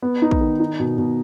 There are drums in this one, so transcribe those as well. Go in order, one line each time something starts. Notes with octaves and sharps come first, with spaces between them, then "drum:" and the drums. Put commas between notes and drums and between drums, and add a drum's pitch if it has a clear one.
B3
D#4
drum: kick
D#3
D#4
B2
B2